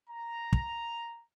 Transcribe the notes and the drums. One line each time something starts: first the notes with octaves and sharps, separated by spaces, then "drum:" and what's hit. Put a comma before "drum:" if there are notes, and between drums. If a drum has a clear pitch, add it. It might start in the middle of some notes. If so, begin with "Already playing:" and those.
A#5
drum: kick